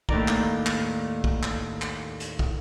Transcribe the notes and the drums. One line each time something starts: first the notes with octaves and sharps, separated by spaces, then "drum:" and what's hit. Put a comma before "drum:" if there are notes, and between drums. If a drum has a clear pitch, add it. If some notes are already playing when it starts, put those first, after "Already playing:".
D#2 A2 D#4 D5 A#5, drum: kick
drum: clap
drum: clap
drum: kick
drum: clap
drum: clap
drum: hi-hat
drum: kick